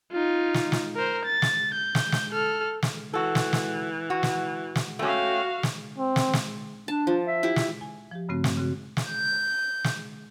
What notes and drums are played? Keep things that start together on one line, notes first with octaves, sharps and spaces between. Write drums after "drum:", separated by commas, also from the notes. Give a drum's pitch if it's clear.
D#4 F4
drum: snare
drum: snare
A#4 C5
A6
drum: snare
G6
drum: snare
drum: snare
A4 F6
drum: snare
E3 F#4 A4
drum: snare
drum: snare
F#4
drum: snare
drum: snare
A3 C#4 F#4 F5 G5
drum: snare
C4
drum: snare
drum: snare
D4 A5
F3
E5
E4 G4
drum: snare
G#5
F3 G4
G2 C#3 A3 C4 F#4
drum: snare
C#3 C4 F#4
drum: snare
G6
drum: snare